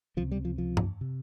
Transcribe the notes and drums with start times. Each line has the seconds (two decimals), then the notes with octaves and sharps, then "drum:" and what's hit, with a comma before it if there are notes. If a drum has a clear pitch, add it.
0.17 C#2 C3 F3
0.31 G3
0.45 F3
0.58 F3
0.77 drum: tom
1.01 C3